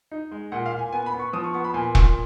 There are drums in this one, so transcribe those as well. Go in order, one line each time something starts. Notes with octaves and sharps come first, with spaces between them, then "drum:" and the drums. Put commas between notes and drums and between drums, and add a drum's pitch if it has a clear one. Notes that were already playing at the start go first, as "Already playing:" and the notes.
D#4
G#3
A#2 F#5
F5
A#2
G#5
B3 G#5
B5
B3
C#6
F3 D#6
C#6
B3 C#6
B5
A#2 G#5
A#2, drum: kick E1